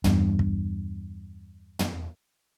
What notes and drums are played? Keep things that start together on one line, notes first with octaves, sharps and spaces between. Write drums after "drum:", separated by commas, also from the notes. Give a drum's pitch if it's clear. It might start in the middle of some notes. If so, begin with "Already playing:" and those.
E2 G2, drum: tom
drum: kick
drum: tom